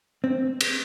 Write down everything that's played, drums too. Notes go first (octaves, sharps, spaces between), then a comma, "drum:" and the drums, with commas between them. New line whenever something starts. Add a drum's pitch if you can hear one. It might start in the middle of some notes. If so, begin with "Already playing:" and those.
C4
drum: cymbal